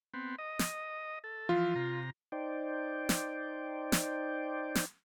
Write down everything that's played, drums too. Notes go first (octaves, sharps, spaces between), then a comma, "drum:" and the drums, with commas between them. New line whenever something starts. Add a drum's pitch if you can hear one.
B3 C4
D#5
drum: snare
A4
E3 F3 F4
C3 A#5
D#4 C5 D5 G5
drum: snare
drum: snare
drum: snare